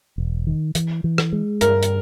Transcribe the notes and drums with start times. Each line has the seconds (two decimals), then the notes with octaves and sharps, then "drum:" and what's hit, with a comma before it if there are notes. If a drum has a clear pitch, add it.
0.18 E1
0.47 D#3
0.75 E3, drum: hi-hat
1.04 E3
1.18 drum: rim click
1.32 G#3
1.61 G2 A#4, drum: hi-hat
1.83 drum: hi-hat